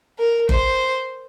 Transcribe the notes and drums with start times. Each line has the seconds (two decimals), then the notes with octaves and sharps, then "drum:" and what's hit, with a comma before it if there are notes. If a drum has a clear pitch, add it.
0.19 A#4
0.49 C5, drum: kick G1